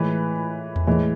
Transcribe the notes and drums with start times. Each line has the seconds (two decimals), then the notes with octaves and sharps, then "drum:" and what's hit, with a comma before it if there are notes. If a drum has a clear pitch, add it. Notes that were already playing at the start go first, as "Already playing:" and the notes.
Already playing: A2 E3 G#3 B4
0.76 drum: tom E2
0.87 A2 E3 G#3